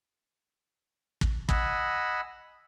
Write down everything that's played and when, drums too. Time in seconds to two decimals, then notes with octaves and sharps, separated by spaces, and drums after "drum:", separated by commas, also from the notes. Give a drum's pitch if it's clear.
1.21 drum: kick
1.49 D#5 F#5 G#5 B5 E6, drum: kick